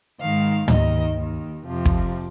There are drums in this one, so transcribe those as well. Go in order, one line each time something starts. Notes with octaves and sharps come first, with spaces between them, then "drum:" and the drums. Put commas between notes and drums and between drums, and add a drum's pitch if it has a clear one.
G#2 D#3 F5
D#2 D#3 D#5, drum: tom
D#2 D#3
F2 C3 F3
drum: kick